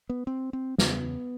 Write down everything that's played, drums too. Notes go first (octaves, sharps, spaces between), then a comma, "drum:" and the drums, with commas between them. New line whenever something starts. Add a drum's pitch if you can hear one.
B3
C4
C4
E2 C#3 B3, drum: snare